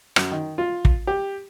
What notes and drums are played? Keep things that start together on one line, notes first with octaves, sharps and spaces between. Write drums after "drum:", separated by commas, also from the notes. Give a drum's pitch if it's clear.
F#2, drum: rim click
D#3
F4
drum: kick
G4